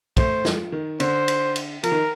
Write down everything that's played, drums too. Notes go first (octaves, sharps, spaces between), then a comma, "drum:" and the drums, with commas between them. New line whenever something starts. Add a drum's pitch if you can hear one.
A3 C5, drum: kick, cymbal
F3, drum: snare
D#3
D3 C5, drum: cymbal
drum: cymbal
drum: cymbal
F3 A#4, drum: cymbal
D#3